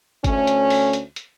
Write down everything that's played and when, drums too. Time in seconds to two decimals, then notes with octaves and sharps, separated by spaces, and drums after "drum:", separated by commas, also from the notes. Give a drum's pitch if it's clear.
0.24 D2 A3 C#4, drum: kick G1, hi-hat
0.47 drum: hi-hat
0.70 drum: open hi-hat
0.93 drum: hi-hat
1.16 drum: hi-hat